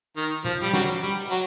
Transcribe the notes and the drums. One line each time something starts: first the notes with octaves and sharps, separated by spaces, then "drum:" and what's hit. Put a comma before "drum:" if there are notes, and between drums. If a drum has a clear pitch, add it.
D#3
F3, drum: tom A#2
G3
F#3, drum: snare
drum: hi-hat
G3
drum: open hi-hat
F#3